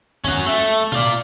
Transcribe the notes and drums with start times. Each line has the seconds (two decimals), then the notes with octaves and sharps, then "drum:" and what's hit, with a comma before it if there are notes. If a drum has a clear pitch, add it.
0.24 C#4 F#4, drum: tom F2
0.46 A3
0.92 F4 D5, drum: tom B2